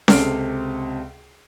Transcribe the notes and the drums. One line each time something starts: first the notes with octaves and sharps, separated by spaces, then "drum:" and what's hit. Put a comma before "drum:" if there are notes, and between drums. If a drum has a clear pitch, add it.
C#2 C3 A4 F6 C7 D7, drum: snare C#4